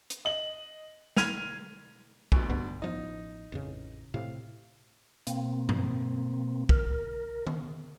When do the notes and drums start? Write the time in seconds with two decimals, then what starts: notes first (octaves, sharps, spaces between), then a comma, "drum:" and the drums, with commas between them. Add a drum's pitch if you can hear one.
0.10 drum: hi-hat
0.25 D#5 F#7
1.17 F6 G#6 D#7 F7, drum: snare
2.32 D2 B2, drum: kick
2.50 G2 D3 B3
2.82 A1 F3 B3 D#4
3.52 A1 F2 C#3
4.14 A2 C3 F5
5.27 B2 A#3 C4, drum: hi-hat
5.69 drum: tom G2
6.69 A#4, drum: kick
7.47 drum: tom D#3